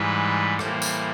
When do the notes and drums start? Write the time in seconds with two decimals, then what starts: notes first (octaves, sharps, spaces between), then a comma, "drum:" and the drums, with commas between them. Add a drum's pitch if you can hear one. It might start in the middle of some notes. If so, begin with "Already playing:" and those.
Already playing: G#2 E3 G3 B4
0.59 A2 E3 G3 A#3 C5, drum: rim click
0.82 drum: tambourine